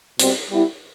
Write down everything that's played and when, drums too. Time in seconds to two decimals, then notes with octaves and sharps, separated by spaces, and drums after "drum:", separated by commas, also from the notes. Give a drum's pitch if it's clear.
0.19 B2 G3 C4, drum: hi-hat
0.51 G3 B3 E4 G4